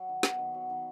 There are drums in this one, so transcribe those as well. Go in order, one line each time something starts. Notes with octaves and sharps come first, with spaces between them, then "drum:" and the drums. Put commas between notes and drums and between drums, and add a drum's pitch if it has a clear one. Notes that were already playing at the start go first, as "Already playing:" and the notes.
Already playing: F#3
D#3
B3, drum: snare
D#3
F#3
D#3